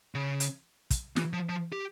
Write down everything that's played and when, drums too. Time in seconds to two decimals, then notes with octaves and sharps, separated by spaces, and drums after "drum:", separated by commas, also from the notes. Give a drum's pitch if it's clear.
0.15 C#3
0.40 drum: hi-hat
0.90 drum: kick, hi-hat
1.16 E3, drum: snare
1.33 F3
1.49 F3
1.73 G4